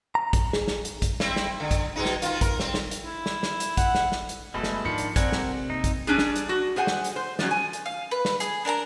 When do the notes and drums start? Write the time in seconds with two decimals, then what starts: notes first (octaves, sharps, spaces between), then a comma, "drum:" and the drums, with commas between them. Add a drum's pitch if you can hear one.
0.15 A#5
0.33 drum: kick, hi-hat
0.53 G#4, drum: snare
0.68 drum: snare
0.85 drum: hi-hat
1.02 drum: kick, hi-hat
1.20 C4 E4, drum: snare
1.36 drum: snare
1.60 D3
1.71 drum: kick, hi-hat
1.96 B2 G#3 D#4
2.05 drum: snare
2.22 D#3 F4, drum: hi-hat
2.41 A#4, drum: kick, hi-hat
2.60 C4, drum: snare
2.74 drum: snare
2.91 drum: hi-hat
3.04 E4
3.26 drum: snare
3.43 drum: snare
3.60 drum: hi-hat
3.77 F#5, drum: kick, hi-hat
3.95 drum: snare
4.12 drum: snare
4.29 drum: hi-hat
4.54 F#1 B2 G#3 A3 A4 B5
4.63 drum: snare
4.85 G#2 D#3 F3 D4 F4 B5 C#7
4.98 drum: hi-hat
5.16 C4 A#4 D5 F#5 G#5, drum: kick, hi-hat
5.32 drum: snare
5.43 C3
5.70 A#3 D#4
5.84 drum: kick, hi-hat
6.07 G3 C#4 D4 G#4
6.18 drum: snare
6.36 drum: hi-hat
6.49 F#4
6.76 G#4 C5 F#5 G#5
6.87 drum: snare
7.04 drum: hi-hat
7.16 C5
7.39 F3 F#3 C#4, drum: snare
7.51 G#5
7.73 drum: hi-hat
7.86 F5
8.11 B4
8.25 drum: snare
8.40 G#4, drum: hi-hat
8.65 D4 A#4 A5 A#5